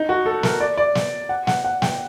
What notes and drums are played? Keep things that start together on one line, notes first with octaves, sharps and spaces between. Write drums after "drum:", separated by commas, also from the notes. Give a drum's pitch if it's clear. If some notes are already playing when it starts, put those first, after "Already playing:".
Already playing: D#4
F#4
A4
A#4, drum: snare
D5
D5
drum: snare
F#5
F#5, drum: snare
F#5
G5, drum: snare